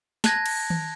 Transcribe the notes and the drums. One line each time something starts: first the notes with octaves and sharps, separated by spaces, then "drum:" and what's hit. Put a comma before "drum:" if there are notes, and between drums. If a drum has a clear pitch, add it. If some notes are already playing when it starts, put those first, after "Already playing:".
A5 F#6 G#6 A#6, drum: snare
drum: cymbal
drum: tom D#3